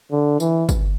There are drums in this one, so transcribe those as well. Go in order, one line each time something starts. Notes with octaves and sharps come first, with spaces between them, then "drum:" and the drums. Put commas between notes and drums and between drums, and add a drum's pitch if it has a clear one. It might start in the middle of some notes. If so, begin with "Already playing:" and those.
D3
E3, drum: tambourine
drum: kick, tambourine